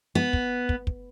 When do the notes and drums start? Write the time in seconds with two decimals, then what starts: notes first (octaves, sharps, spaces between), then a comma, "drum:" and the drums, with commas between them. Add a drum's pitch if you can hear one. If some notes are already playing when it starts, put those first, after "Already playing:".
0.15 B3
0.33 drum: kick
0.69 drum: kick
0.87 drum: kick